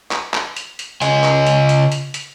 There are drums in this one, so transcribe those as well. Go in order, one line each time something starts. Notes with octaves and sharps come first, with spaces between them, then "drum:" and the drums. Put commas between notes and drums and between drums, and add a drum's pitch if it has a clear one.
drum: clap
drum: clap
drum: hi-hat
drum: hi-hat
C#3 D#5 G#5, drum: hi-hat
drum: clap
drum: hi-hat
drum: hi-hat
drum: hi-hat
drum: hi-hat